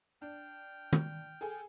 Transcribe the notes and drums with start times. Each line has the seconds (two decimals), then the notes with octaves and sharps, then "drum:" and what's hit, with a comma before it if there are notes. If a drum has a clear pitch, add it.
0.22 D4 G5 F6
0.93 drum: tom
1.41 G#4 A4 G#5